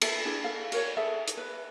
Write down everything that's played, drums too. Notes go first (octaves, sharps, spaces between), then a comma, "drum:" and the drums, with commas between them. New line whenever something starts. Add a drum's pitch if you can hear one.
A4 E5, drum: cymbal
D4 E4 G#4
A4 F5
F#4 A#4 C#5, drum: cymbal
G#4 A4 E5
drum: hi-hat
B4